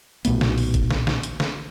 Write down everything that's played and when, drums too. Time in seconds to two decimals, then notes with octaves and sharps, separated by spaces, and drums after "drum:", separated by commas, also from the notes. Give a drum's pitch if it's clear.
0.25 B1 A#2 A3 B3, drum: hi-hat
0.41 drum: snare
0.58 drum: open hi-hat
0.74 drum: kick G1, hi-hat
0.91 drum: snare
1.07 drum: snare
1.23 drum: hi-hat
1.40 drum: snare